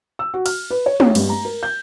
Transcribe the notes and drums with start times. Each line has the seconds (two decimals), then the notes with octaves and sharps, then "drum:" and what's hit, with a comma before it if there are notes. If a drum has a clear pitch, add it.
0.19 E6
0.34 F#4
0.46 F6, drum: cymbal
0.70 B4
0.86 C#5
1.00 C#5, drum: tom
1.15 G2, drum: cymbal
1.29 A#5
1.45 A#4
1.63 G6